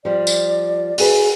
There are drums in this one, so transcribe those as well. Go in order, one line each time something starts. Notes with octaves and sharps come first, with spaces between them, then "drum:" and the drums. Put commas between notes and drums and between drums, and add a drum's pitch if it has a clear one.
F3 G3 D5
drum: tambourine
F#4 G#4 B4, drum: open hi-hat